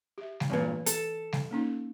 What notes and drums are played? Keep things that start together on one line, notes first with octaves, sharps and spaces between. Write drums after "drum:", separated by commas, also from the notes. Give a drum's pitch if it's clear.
G4 E5
drum: snare G3
G2 A#2 E3 C4 B4
A4, drum: hi-hat
drum: snare G3
A#3 C#4 D#4